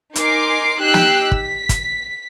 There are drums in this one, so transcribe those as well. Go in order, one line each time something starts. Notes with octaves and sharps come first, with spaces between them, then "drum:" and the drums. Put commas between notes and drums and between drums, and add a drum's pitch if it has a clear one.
D#4 A#4 G#5 C6 D6 C7, drum: hi-hat
D#4 G4 E6 F#6 C7
drum: snare
B6, drum: kick
drum: kick, hi-hat